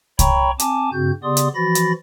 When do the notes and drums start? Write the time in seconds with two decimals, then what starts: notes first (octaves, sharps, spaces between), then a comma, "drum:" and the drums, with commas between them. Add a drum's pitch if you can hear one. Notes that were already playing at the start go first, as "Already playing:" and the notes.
0.19 C#5 G5 A#5 B5 C#6, drum: kick C2, hi-hat
0.59 C4 G#5 A5 D6, drum: hi-hat
0.93 G2 C#3 C4 F#4 G6
1.23 C#3 B3 G4 D5 C6 D#6
1.37 drum: hi-hat
1.55 E3 F3 F#4 B5 A6 A#6
1.75 drum: hi-hat